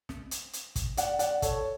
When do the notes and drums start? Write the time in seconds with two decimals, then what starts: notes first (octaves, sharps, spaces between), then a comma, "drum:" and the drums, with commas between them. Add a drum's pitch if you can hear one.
0.09 drum: snare
0.31 drum: hi-hat
0.53 drum: hi-hat
0.76 drum: kick, hi-hat
0.97 D5 F#5, drum: hi-hat
1.19 D5 F#5, drum: hi-hat
1.42 A4 C#5, drum: kick, hi-hat